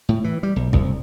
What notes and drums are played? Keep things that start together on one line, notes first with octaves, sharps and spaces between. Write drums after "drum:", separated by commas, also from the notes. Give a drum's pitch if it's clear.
A2
E3
G3
B1
C2, drum: kick